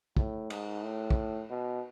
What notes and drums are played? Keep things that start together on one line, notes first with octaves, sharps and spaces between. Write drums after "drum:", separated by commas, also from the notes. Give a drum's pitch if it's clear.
A2, drum: kick
G#2, drum: cymbal
A2
drum: kick
B2